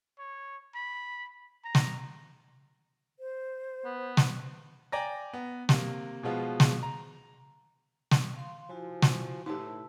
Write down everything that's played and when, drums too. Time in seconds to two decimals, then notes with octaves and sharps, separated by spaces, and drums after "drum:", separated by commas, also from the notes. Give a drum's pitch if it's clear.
0.19 C#5
0.75 B5
1.64 A#5
1.75 drum: snare
3.19 C5
3.85 B3
4.17 drum: snare
4.92 D5 G5 G#5 A#5 A#6
5.33 B3
5.69 C3 A#3, drum: snare
6.23 B2 F3 G#3 B3 F4
6.60 drum: snare
6.83 A#5
8.11 drum: snare
8.36 F5 C6
8.69 F3 E4 F#4 G#5
9.02 drum: snare
9.46 A2 D#4 G4 B4 A5 E6